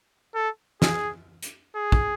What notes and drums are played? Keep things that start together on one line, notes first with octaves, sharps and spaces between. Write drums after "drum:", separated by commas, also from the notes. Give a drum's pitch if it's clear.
A4
G#4, drum: snare
drum: hi-hat
G#4
drum: kick